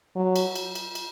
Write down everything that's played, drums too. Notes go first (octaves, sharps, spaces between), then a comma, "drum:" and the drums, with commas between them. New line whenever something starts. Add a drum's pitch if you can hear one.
F#3
drum: cymbal
drum: cymbal
drum: cymbal
drum: cymbal